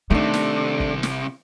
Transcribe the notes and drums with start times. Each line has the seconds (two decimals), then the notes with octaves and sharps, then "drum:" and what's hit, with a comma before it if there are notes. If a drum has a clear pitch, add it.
0.10 C2 C3 D#3 A3 D4
0.34 drum: snare
0.80 drum: kick
1.03 drum: snare